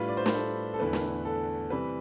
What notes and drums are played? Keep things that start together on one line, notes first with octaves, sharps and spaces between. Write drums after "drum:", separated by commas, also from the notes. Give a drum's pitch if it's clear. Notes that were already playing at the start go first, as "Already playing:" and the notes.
Already playing: A2 G3 D4 F4 B4
D5
C5
B4, drum: snare
A4
A4
E2 D3 A3 E4 B4
drum: snare
A4
C3 E3 G3 B4